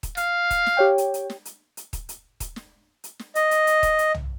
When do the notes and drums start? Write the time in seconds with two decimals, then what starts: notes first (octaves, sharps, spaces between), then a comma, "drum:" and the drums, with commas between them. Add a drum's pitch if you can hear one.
0.03 drum: kick D#1, hi-hat
0.17 F5, drum: hi-hat
0.51 drum: kick D#1, hi-hat
0.66 drum: snare
0.77 G4 C#5 G5
0.98 drum: hi-hat
1.14 drum: hi-hat
1.30 drum: snare
1.45 drum: hi-hat
1.77 drum: hi-hat
1.93 drum: kick D#1, hi-hat
2.09 drum: hi-hat
2.40 drum: kick D#1, hi-hat
2.56 drum: snare
3.04 drum: hi-hat
3.19 drum: snare
3.35 D#5, drum: hi-hat
3.51 drum: hi-hat
3.67 drum: hi-hat
3.83 drum: kick D#1, hi-hat
3.99 drum: hi-hat
4.14 drum: tom